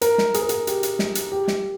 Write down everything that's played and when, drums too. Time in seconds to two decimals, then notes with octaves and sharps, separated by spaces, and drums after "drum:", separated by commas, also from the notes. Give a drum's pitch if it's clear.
0.01 A#4, drum: hi-hat
0.18 drum: snare
0.34 G#4, drum: hi-hat
0.42 A#4
0.49 G#4, drum: hi-hat
0.67 G4, drum: hi-hat
0.83 drum: hi-hat
0.99 drum: snare
1.15 drum: hi-hat
1.32 G4
1.48 drum: snare